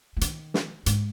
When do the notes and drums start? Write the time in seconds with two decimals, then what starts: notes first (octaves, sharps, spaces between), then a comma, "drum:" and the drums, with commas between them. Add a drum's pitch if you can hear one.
0.17 F3
0.21 D#3, drum: hi-hat
0.54 drum: snare
0.86 G#2, drum: hi-hat